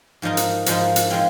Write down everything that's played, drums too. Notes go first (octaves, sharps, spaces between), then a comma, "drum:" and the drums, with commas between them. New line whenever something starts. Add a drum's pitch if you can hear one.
G#2 F3 G#3 D#4 A#4
drum: hi-hat
G#2 F3 G#3 D#4 A#4, drum: hi-hat
drum: hi-hat
F3 G#3 C4 F4